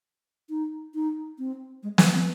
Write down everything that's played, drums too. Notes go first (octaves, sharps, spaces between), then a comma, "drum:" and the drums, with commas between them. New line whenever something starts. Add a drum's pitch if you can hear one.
D#4
D#4
C4
G#3
A3, drum: snare
C4